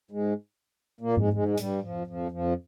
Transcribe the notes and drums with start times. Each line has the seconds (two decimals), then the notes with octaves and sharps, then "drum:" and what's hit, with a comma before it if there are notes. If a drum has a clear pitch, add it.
0.11 G#2 G#3
1.00 A#2 A#3
1.17 G#2 G#3, drum: tom G#2
1.33 G#2 G#3
1.48 G#3
1.58 G2 G3, drum: hi-hat
1.82 F2 F3
2.07 F2 F3
2.31 F2 F3